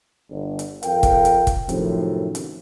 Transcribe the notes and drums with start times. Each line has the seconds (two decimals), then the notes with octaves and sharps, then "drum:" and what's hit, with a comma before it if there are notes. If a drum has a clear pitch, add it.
0.30 G1
0.59 drum: hi-hat
0.83 F2 A#4 F5 G5, drum: hi-hat
1.03 drum: kick, hi-hat
1.25 drum: hi-hat
1.47 drum: kick, hi-hat
1.69 F#2 A2 C3 D#3 F3, drum: hi-hat
2.35 drum: hi-hat